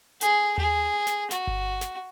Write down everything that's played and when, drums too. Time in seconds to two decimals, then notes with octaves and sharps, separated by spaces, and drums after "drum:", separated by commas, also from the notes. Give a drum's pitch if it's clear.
0.21 G#4, drum: hi-hat
0.58 G#4, drum: tom D#2
1.07 drum: snare
1.31 F#4, drum: snare
1.47 drum: kick G1
1.81 drum: snare